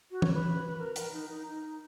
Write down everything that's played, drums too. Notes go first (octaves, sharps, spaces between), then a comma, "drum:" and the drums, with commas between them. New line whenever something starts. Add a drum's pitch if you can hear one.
F#4
C#5, drum: tom
B4
A#4
A#4, drum: hi-hat
D#4
D#4
D#4